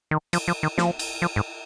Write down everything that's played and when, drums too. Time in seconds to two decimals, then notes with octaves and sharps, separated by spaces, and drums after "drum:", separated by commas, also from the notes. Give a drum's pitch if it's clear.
0.11 D#3
0.33 F3, drum: cymbal
0.48 F3
0.63 D#3
0.78 F3, drum: snare
0.99 drum: cymbal
1.22 F3
1.36 G#2